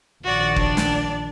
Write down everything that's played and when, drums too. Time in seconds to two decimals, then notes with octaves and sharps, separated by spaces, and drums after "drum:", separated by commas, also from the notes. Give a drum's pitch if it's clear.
0.24 A#1 D#3 F#4 D5
0.56 D4 D5, drum: kick
0.77 drum: snare